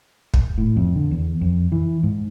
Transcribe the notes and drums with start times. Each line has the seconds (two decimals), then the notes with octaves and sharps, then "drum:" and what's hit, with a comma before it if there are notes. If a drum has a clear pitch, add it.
0.34 drum: kick
0.58 A2
0.76 F2
0.95 D3
1.11 E2
1.41 F2
1.72 E3
2.03 G#2